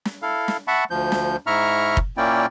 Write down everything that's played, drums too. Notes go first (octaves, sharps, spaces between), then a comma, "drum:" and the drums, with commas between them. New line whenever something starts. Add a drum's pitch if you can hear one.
drum: snare
E4 A4 F5
drum: snare
E5 F#5 A5 B5 C#6
D2 F3 G6
drum: snare
G#2 E4 E5 A#5 C#6 F6
drum: kick
A#2 A#3 C#4 E4 D5 G5